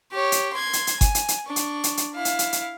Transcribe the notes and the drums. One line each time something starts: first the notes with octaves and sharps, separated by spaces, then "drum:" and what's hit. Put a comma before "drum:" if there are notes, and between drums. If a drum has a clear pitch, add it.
G4 C#5
drum: hi-hat
C6 G#6
drum: hi-hat
drum: hi-hat
G#5, drum: kick G1, hi-hat
drum: hi-hat
drum: hi-hat
D4 C#6
drum: hi-hat
drum: hi-hat
drum: hi-hat
E4 F5
drum: hi-hat
drum: hi-hat
drum: hi-hat